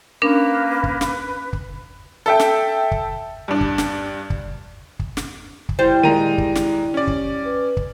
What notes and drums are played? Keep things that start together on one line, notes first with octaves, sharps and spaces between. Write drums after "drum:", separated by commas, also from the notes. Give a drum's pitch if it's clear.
A#3 C#4 D4 A#4 B4 B5
drum: kick
drum: snare
drum: kick
A4 E5 G5
drum: snare
drum: kick
G2 D4
drum: kick
drum: snare
drum: kick
drum: kick
drum: snare
drum: kick
G3 E4 C5
A#2 D#3 G#3 A#5 D#7
drum: kick
drum: snare
C#4 D5
drum: kick
B4
drum: kick